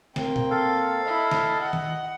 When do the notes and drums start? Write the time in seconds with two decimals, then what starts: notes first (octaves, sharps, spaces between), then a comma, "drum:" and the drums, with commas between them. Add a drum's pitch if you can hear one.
0.16 A#3 C4 G5, drum: snare
0.36 drum: tom A#2
0.51 A4 F5
1.06 E4 D#5
1.31 drum: snare
1.63 F#5
1.73 drum: tom D#3